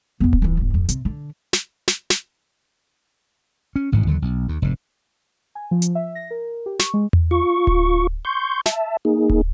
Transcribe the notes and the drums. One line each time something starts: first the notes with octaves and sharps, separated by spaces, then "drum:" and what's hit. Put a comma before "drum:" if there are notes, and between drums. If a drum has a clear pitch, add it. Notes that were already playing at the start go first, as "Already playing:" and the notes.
E2 B3
drum: kick D1
F2 E3
G1 C#2
F2
C3, drum: hi-hat
D3
drum: snare
drum: snare
drum: snare
C#4
A1 G#2 B2 D#3
D#2 D3 F3 F#3
B1
D#2
F1 G#2
G#5
F3
drum: hi-hat
E5
A#6
A#4
G4
C#6, drum: snare
G#3
drum: tom E2
F4 C#6
drum: kick D1
C6 C#6 G6
E5 A5, drum: snare
A#3 D#4 G#4
drum: kick D1